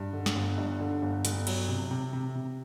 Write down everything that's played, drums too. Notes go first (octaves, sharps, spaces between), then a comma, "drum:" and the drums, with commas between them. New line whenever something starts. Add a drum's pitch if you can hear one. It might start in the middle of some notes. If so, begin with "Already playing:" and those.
Already playing: G2
D3
drum: snare
G1
G2
D3
G1
G1, drum: hi-hat
F#3, drum: cymbal
C3
C3
C3
C3